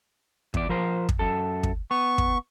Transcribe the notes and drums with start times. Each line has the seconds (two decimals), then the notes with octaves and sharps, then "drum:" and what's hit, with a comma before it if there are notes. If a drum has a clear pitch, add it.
0.54 E2 D5, drum: kick
0.69 F3 A#4 C5
1.09 drum: kick
1.19 F#2 A4
1.63 drum: kick
1.91 B3 C#6
2.18 drum: kick